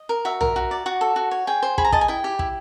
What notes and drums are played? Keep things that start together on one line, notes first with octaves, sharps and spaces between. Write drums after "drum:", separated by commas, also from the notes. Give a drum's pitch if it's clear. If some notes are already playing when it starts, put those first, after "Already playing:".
Already playing: D#5
A#4
F#4 E5
A#4, drum: tom
F#4
D5
F#4 F#5
A4
F#4
C#5
G#4 G5
C5
G#4 B5, drum: kick
A#5
D#5 A5, drum: kick
G#5
E4 G5
G4
E4, drum: kick